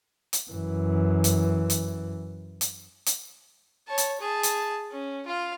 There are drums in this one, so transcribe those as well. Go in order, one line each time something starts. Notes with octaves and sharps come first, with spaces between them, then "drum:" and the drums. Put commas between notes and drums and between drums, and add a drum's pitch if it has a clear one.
drum: hi-hat
F#2 E3
drum: hi-hat
drum: hi-hat
drum: hi-hat
drum: hi-hat
C#5 A5
drum: hi-hat
G#4 A5
drum: hi-hat
C#4
F4 F5